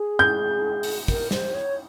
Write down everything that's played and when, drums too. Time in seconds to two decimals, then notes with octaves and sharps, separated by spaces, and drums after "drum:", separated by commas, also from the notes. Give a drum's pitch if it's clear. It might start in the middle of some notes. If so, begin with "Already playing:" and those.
Already playing: G#4
0.19 G6
0.83 drum: open hi-hat
1.08 A#4, drum: kick
1.31 C5, drum: snare
1.54 C#5